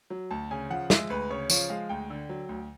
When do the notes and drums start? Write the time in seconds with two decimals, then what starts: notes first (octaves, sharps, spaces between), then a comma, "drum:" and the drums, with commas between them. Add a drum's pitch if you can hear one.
0.10 F#3
0.31 D2 A5
0.51 C#3 G#5
0.70 F3 F#5
0.90 G#3 E5, drum: snare
1.10 D2 B4
1.30 C#3 C#5
1.50 F3 C#5, drum: tambourine
1.70 G#3 F5
1.89 D2 G5
2.10 D3
2.29 F#3
2.49 D2